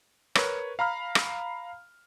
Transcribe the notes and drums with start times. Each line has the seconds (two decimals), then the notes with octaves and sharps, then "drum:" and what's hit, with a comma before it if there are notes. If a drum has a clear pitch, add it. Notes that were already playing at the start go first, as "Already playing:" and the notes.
0.35 A#4 B4 C#5, drum: rim click
0.79 F5 A#5 B5 F6
1.15 drum: rim click